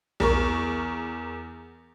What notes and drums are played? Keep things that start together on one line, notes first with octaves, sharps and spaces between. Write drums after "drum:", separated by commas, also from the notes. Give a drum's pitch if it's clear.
E2 A#4 C#6, drum: tom B1